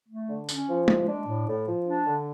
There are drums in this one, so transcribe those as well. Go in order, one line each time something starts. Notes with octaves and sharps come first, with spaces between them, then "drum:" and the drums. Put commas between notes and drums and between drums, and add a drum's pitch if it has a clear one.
A3
D3
C#4, drum: tambourine
F3
G#3, drum: tom G#3
D4
A2
A2
F3
D4
D3